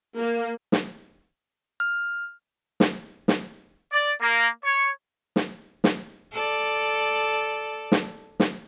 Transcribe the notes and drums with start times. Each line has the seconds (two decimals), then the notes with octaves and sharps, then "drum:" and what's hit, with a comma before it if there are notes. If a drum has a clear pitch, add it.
0.18 A#3
0.72 drum: snare
1.80 F6
2.80 drum: snare
3.28 drum: snare
3.92 D5
4.21 A#3
4.64 C#5
5.36 drum: snare
5.84 drum: snare
6.32 A4 D5
7.92 drum: snare
8.40 drum: snare